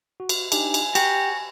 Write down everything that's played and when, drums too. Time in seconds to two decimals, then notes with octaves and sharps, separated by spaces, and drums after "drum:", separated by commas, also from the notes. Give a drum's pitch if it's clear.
0.20 F#4
0.29 drum: cymbal
0.52 D4 D#4 G4 G#5, drum: cymbal
0.74 drum: cymbal
0.95 F#4 G4 A#5, drum: cymbal